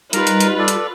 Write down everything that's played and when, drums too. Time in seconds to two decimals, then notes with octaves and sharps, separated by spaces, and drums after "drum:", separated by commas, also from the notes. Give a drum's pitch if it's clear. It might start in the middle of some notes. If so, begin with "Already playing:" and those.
0.13 G3 D#4 F4 A#4 B4 A#5, drum: hi-hat
0.27 drum: hi-hat
0.40 drum: hi-hat
0.59 A4 D5
0.68 drum: hi-hat